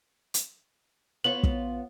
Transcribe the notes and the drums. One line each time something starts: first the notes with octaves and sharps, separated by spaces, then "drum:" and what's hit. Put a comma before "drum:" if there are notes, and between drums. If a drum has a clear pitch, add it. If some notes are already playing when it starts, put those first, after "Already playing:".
drum: hi-hat
B3 F4 C#5 F#7
drum: kick